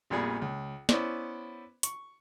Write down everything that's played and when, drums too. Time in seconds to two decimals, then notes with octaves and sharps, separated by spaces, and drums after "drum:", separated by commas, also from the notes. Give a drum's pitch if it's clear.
0.10 A#1 F2 A#2 G3 B3 G#4
0.42 C#2
0.89 B3 C#4 E4 C5 D5, drum: snare
1.83 C#6, drum: hi-hat